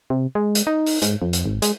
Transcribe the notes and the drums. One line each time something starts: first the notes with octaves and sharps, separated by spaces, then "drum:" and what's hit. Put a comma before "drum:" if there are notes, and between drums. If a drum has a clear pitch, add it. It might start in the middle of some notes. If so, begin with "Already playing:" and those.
C3
G#3
drum: hi-hat
D#4
drum: open hi-hat
G#2, drum: hi-hat
F2
drum: hi-hat
G#1
G#3, drum: hi-hat